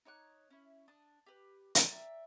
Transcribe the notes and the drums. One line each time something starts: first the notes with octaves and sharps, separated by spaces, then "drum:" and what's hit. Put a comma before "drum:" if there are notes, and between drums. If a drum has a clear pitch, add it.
D#4 C#5 D6 F#6
C#4 E4
D4 D#6
G4 B4
D5 E5 G5 A#5, drum: hi-hat